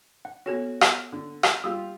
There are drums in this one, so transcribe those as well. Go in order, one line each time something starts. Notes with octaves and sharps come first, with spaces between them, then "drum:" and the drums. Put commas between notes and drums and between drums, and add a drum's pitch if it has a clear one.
F#5
B3 F#4 A4 C#5
drum: rim click
D3
drum: rim click
G3 F4 G4 D#6 E6